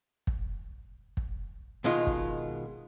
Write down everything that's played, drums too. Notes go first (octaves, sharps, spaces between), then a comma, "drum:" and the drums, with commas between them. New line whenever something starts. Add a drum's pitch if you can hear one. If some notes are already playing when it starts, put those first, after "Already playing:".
drum: kick
drum: kick
B2 D#3 G#3 F4
drum: kick